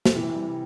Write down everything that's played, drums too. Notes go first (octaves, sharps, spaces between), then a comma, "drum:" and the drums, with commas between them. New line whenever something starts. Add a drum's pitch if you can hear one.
drum: snare
C3 E3
G3